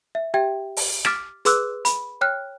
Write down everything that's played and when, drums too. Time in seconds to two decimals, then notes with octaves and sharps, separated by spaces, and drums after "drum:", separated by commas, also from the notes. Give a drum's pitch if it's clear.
0.15 E5
0.34 G4 E5 G5 G#6
0.77 drum: open hi-hat
1.05 D6 F6 A6 B6 D7 E7, drum: rim click
1.45 G#4 B4 C6 D6 E6 F#6, drum: hi-hat
1.85 B5, drum: hi-hat
2.21 C#5 G5 F6 F#6